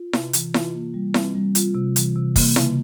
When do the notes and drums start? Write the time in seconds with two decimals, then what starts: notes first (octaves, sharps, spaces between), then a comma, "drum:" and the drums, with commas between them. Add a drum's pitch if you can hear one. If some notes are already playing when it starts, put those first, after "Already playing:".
Already playing: F4
0.13 C3, drum: snare E4
0.33 E3, drum: hi-hat
0.54 F4, drum: snare E4
0.74 A#3
0.94 G3
1.14 C4, drum: snare E4
1.35 G3
1.55 F4, drum: hi-hat
1.75 C3
1.96 E3, drum: hi-hat
2.16 C3
2.36 A#3, drum: kick, open hi-hat
2.56 C#3, drum: snare E4